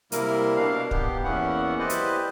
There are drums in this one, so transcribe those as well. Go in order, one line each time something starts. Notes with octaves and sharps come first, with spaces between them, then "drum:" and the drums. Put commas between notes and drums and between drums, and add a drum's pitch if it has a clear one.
C3 G3 A#3 E4 A#4, drum: hi-hat
B2 D4 F5
B3 G4, drum: kick
E2 A#3 B3 C#4 E4 F#5
E4 G4 B4 C5 D5 D#5
drum: hi-hat